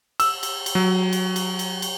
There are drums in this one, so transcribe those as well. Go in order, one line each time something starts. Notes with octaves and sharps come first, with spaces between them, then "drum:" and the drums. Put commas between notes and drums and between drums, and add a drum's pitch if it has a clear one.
E6, drum: cymbal
drum: cymbal
drum: cymbal
F#3
drum: cymbal
drum: cymbal
drum: cymbal
drum: cymbal